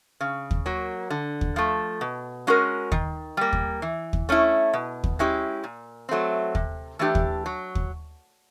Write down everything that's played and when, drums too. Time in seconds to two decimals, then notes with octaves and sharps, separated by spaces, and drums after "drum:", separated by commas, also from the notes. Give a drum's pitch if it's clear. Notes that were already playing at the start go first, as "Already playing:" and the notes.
0.20 C#3
0.51 drum: kick
0.66 F#3 A#3
1.10 D3
1.41 drum: kick
1.56 F3 A3
2.01 B2
2.47 G#3 C#4 F#4 A#4
2.92 D#3, drum: kick
3.37 G3 A#3
3.53 drum: kick
3.82 E3
4.13 drum: kick
4.29 A3 C#4 E4
4.73 B2
5.04 drum: kick
5.19 G#3 C#4 E4 G4
5.64 A#2
6.09 F#3 A3 C4
6.55 C3, drum: kick
6.99 E3 A3 D4 G4
7.15 drum: kick
7.46 F#3
7.75 drum: kick